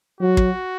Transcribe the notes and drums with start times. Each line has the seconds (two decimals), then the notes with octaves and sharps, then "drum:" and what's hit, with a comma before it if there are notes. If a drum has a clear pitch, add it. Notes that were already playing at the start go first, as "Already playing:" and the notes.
0.21 F#3 F#4
0.37 drum: kick